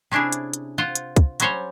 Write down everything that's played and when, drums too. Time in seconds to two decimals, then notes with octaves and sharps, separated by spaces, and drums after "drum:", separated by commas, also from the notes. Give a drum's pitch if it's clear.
0.11 C3 C#4 D4 E4 G#4
0.32 drum: hi-hat
0.53 drum: hi-hat
0.78 F4 C5 F#5
0.95 drum: hi-hat
1.16 drum: kick, hi-hat
1.40 F#3 G3 C#4 C5 C#5, drum: hi-hat